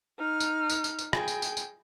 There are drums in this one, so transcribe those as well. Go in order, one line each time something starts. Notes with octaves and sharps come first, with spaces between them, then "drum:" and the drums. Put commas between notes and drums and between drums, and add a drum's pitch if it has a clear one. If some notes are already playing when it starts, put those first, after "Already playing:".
D#4 F6
drum: tambourine
drum: tambourine
drum: tambourine
drum: tambourine
G#4 G5, drum: rim click
drum: tambourine
drum: tambourine
drum: tambourine